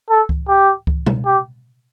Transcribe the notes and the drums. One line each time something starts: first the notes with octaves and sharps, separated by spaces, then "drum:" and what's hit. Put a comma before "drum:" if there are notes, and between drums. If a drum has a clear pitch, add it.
A4
drum: kick C#2
G4
drum: kick C#2
drum: tom B2
G4